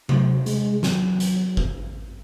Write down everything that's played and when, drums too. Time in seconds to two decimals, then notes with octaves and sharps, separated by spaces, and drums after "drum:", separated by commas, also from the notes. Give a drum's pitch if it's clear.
0.09 F#3, drum: tom C3
0.46 G#3, drum: hi-hat
0.83 F#3, drum: snare
1.20 drum: hi-hat
1.57 drum: kick F#1